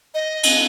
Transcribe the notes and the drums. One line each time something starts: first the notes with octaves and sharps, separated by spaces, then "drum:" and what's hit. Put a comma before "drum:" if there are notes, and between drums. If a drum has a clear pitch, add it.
D#5
drum: cymbal